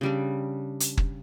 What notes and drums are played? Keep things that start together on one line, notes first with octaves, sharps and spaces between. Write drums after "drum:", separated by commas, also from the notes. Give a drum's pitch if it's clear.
C#3 G3 D4
drum: hi-hat
drum: kick